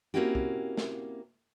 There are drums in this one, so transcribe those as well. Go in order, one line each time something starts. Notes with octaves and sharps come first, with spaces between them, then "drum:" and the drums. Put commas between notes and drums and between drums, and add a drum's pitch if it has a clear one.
A#3 C4 C#4 E4 F#4 G4
drum: kick
drum: snare